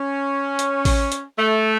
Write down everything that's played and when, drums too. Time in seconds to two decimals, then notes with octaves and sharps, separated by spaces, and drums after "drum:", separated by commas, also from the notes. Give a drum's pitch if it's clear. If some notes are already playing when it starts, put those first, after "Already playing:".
Already playing: C#4
0.59 drum: hi-hat
0.85 drum: kick A1, open hi-hat
1.12 drum: hi-hat
1.39 A3